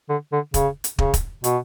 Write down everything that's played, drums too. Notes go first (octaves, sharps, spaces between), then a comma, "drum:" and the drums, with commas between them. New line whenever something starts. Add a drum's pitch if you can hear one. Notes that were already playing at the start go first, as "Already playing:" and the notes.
D3
D3
C#3, drum: kick, hi-hat
drum: hi-hat
C#3, drum: kick
drum: kick, hi-hat
B2, drum: hi-hat